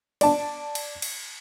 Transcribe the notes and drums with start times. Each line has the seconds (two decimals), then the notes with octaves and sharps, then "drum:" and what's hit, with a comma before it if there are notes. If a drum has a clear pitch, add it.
0.21 D5 A5, drum: cymbal
0.75 drum: cymbal
1.02 drum: cymbal